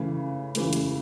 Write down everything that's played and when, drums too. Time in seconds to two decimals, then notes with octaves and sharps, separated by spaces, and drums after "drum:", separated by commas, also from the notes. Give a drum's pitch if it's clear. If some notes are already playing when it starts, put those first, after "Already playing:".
Already playing: C#3 E3 A3
0.55 C#3 E3 A3, drum: hi-hat
0.73 drum: hi-hat